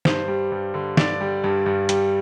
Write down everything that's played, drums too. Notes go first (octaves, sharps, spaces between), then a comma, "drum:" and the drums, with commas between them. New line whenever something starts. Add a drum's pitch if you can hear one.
G2 C5, drum: snare
G3
G2
D3
G2 D5, drum: snare
G3
G2
G2
G3, drum: hi-hat